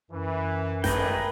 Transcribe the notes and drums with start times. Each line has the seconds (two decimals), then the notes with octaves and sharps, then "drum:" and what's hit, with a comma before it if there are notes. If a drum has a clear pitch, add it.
0.11 F#2 E3
0.84 G#1 A3 G#4 A#4 B4 G5, drum: snare G#1